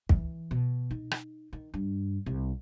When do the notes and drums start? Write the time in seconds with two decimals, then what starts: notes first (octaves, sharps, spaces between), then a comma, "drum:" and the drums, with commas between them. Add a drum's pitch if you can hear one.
0.09 E3, drum: kick
0.51 B2
0.91 D#4
1.11 drum: rim click
1.53 D#3
1.74 G2
2.26 C2